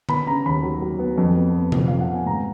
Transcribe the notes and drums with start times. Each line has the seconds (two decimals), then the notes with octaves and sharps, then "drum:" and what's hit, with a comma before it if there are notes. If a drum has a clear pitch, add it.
0.09 B3 B5, drum: tom D3
0.27 C#3 A#5
0.46 D#2 B5
0.63 F#3
0.82 F#3
0.99 B3
1.18 F2
1.37 B3
1.55 B3
1.72 F3, drum: tom C3
1.88 F2 F5
2.01 F#5
2.09 B3 G#5
2.26 G#2 A#5